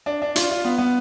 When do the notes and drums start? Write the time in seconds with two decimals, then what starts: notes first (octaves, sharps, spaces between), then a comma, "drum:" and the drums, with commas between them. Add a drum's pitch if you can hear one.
0.06 D4
0.22 D4
0.36 F4, drum: hi-hat
0.51 F4
0.64 B3
0.78 B3